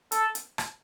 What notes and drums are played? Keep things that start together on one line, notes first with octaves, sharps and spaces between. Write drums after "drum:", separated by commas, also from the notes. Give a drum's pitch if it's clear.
A4, drum: hi-hat
drum: hi-hat
drum: rim click